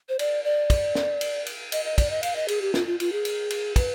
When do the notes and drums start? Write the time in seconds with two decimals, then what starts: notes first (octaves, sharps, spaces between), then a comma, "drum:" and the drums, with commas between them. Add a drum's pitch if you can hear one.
0.09 C5
0.19 D5, drum: cymbal
0.44 D5
0.70 drum: kick, cymbal
0.95 drum: snare
1.21 drum: cymbal
1.46 drum: cymbal
1.72 D#5, drum: cymbal
1.85 D#5
1.98 D5, drum: kick, cymbal
2.10 D#5
2.23 F5, drum: cymbal
2.36 D#5
2.48 G#4, drum: cymbal
2.61 G4
2.74 F4, drum: snare
2.87 F4
3.00 F4, drum: cymbal
3.12 G#4
3.25 drum: cymbal
3.50 drum: cymbal
3.76 B4, drum: kick, cymbal